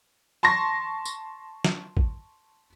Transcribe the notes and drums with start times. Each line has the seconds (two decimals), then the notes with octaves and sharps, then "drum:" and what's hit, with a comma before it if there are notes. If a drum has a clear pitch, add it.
0.43 A5 C6 C#6 A#6
1.05 drum: tambourine
1.65 drum: snare
1.97 drum: kick A1